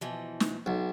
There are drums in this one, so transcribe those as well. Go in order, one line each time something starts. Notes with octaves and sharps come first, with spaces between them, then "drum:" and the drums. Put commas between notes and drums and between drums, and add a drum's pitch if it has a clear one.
B2 E3 F3
drum: snare
B1